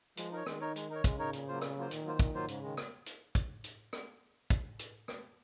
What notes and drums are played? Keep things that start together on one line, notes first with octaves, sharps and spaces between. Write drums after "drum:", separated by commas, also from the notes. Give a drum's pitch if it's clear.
F3 G#3, drum: hi-hat
D#4 A#4 C#5
D#3 G#3, drum: rim click
D#4 A#4 C#5
G#3, drum: hi-hat
D#4 A#4 C#5
C#3 G#3, drum: kick, hi-hat
D#4 A#4 C#5
A#2, drum: hi-hat
F#3 A#3 F4 C5
A#2, drum: rim click
F#3 A#3 F4 C5
A#2 D#3, drum: hi-hat
F#3 A#3 F4 C5
A#2, drum: kick, hi-hat
F#3 A#3 F4 C5
G#2 C#3, drum: hi-hat
D#3 G#3
drum: rim click
drum: hi-hat
drum: kick, hi-hat
drum: hi-hat
drum: rim click
drum: kick, hi-hat
drum: hi-hat
drum: rim click